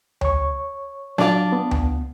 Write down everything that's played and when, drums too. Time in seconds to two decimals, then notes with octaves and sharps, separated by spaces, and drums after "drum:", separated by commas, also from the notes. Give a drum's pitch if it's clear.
0.21 C#5 C#6, drum: tom D2
1.18 F#3 D4 F4 D6 A6, drum: snare
1.52 B3
1.71 drum: tom D2